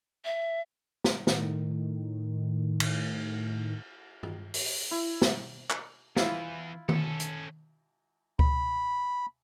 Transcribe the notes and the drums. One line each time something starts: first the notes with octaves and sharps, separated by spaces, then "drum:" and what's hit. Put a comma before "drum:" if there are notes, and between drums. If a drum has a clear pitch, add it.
E5
drum: snare
A2 D#3, drum: snare
drum: cymbal
drum: tom G2
drum: open hi-hat
E4
drum: snare
drum: clap
E2 E4 F4, drum: snare
C#4 A4, drum: tom D#3
drum: hi-hat
B5, drum: kick C#2